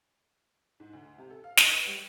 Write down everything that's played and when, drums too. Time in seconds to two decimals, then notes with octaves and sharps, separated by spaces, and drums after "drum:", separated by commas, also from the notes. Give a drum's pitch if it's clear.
0.80 G#2
0.93 D2
1.18 C3
1.30 A4
1.44 F5
1.57 D#4, drum: snare
1.70 B4
1.87 G3